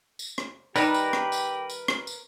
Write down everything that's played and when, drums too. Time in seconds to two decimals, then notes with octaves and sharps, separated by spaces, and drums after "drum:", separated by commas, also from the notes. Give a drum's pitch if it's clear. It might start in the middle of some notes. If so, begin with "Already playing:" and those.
0.19 drum: tambourine
0.38 drum: rim click
0.76 D#3 G3 D#4 G4 A#4 B4 A5, drum: tambourine
0.94 drum: tambourine
1.13 drum: rim click
1.32 drum: tambourine
1.70 drum: tambourine
1.88 drum: rim click
2.07 drum: tambourine